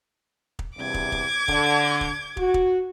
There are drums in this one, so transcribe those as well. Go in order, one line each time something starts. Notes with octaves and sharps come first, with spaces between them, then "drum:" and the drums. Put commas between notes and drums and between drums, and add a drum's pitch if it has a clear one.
drum: kick
E2 G2 C3 D6 G#6
drum: kick
drum: kick
D3, drum: kick
drum: kick
F#4, drum: kick
drum: kick